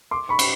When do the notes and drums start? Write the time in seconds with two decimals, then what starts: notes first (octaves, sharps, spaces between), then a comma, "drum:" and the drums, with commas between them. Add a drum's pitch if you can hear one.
0.11 C6 D6
0.29 B5 C#6
0.39 drum: cymbal